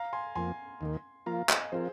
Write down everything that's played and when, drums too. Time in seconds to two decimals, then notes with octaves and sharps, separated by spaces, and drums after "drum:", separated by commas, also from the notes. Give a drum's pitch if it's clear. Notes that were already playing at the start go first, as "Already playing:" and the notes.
Already playing: F5 A#5
0.13 G#5 C6
0.35 F2 F3 A#3 G#5 C6
0.81 D#2 D#3 A#3
1.26 F3 A#3 F4 F5 A#5
1.49 D#5 G#5, drum: clap
1.72 F3 C4 F4 G#4 A#4 C5